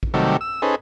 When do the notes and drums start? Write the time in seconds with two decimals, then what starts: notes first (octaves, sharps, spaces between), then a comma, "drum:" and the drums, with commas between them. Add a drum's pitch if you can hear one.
0.03 drum: kick A#1
0.14 C3 D#3 F#3 G3 A3
0.41 E6
0.62 C#4 D#4 G#4 A4 B4 C5